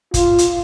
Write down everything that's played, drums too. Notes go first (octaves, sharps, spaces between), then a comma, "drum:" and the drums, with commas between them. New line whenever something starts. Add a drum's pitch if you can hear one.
F4, drum: kick, hi-hat
drum: hi-hat